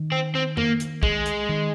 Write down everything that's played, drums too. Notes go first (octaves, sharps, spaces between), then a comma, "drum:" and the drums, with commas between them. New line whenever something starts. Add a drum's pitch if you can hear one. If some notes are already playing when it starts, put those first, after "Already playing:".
Already playing: D#3
C4
C4
A#3, drum: tom F2
drum: hi-hat
G#3, drum: kick
drum: hi-hat
D#3